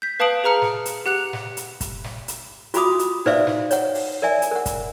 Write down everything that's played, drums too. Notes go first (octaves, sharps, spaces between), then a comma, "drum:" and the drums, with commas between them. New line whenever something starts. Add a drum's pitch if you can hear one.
G6 B6
B4 F5 A5 D#6 D7 F#7
G#4 B4 A#5 F6 C#7
drum: snare
drum: hi-hat
G4 F#5 F#6 C#7 F7
drum: snare
drum: hi-hat
drum: kick, hi-hat
drum: snare
drum: hi-hat
F4 F#4 B5 D6 D#6, drum: hi-hat
drum: hi-hat
D#4 B4 C5 D5 E5 F5, drum: snare
drum: snare
C#5 F#5, drum: hi-hat
drum: open hi-hat
A#4 D5 E5 G#5
drum: hi-hat
A#4 F#5
drum: kick, hi-hat